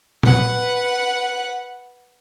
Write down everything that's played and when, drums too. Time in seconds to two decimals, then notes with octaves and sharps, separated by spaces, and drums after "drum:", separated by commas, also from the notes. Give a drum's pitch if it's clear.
0.23 B4 F#5, drum: tom A#2